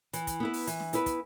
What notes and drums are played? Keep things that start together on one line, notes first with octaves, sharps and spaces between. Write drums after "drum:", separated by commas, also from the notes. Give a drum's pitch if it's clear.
E3, drum: hi-hat
drum: kick, hi-hat
B3 E4 B4
drum: open hi-hat
E3, drum: hi-hat
drum: snare
B3 E4 B4, drum: hi-hat
drum: kick, hi-hat